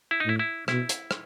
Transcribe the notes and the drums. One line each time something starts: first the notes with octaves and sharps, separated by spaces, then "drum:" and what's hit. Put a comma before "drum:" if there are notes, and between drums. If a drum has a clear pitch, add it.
E4
D#4
A2 E4
E4
B2 E4, drum: rim click
drum: hi-hat
drum: rim click